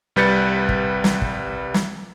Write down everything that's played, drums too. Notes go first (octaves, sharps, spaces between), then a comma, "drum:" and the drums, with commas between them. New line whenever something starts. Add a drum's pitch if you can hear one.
C2 G3 B4 G6 A6 C#7
drum: kick
drum: snare
drum: kick
drum: snare